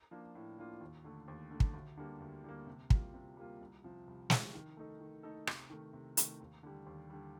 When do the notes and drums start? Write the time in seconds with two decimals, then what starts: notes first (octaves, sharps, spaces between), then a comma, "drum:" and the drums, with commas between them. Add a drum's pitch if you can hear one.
0.11 F3 A#3 D4 F4
0.35 A2
0.58 F3 A#3 D4 F4
0.81 D#2
1.04 D3 A3
1.28 D#2
1.51 D3 A3
1.60 drum: kick
1.74 D2
1.97 D3 G3 A#3
2.21 D2
2.44 D3 G3 A#3
2.67 C3
2.90 G3 A#3 F4, drum: kick
3.14 C3
3.37 G3 A#3 F4
3.61 C2
3.84 C3 F3
4.07 C2
4.30 C3 F3, drum: snare
4.54 D#3
4.77 A3 D#4 A4
5.01 D#3
5.23 A3 D#4 A4
5.47 C3, drum: rim click
5.70 D#3 A3
5.93 C3
6.17 D#3 A3, drum: hi-hat
6.40 D#2
6.63 D3 G3
6.86 D#2
7.10 D3 G3